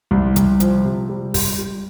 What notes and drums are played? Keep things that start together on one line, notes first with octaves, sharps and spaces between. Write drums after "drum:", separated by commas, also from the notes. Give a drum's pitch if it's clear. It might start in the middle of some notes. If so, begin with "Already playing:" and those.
C2
C2, drum: hi-hat
F3, drum: hi-hat
C3
G3
G3, drum: kick, open hi-hat
G3